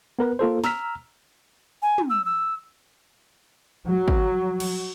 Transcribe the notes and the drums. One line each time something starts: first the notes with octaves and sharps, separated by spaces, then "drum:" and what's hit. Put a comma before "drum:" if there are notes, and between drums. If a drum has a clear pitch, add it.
B3 A#4 B4
A#3 F4 A4 C5
A#5 E6 F6 B6, drum: snare
G#5
drum: tom
E6
E6
F#3
drum: kick
drum: cymbal